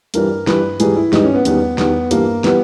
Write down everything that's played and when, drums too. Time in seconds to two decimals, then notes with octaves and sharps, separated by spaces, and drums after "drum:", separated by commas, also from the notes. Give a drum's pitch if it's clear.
0.14 G2 E3 G3 A#4, drum: hi-hat
0.47 G2 E3 G3 B4, drum: snare
0.80 G#2 E3 G3 G#4, drum: hi-hat
0.96 E4
1.13 G#2 E3 G3 D#4, drum: snare
1.23 C#4
1.35 B3
1.45 E2 D#3 G3 B3, drum: hi-hat
1.78 E2 D#3 G3 B3, drum: snare
2.11 G2 E3 G3 A#3, drum: hi-hat
2.44 E3 G3 B3, drum: snare